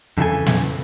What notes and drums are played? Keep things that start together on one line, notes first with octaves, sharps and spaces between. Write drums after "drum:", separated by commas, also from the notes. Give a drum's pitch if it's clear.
F2 C#3 E3 A4 G#5
drum: snare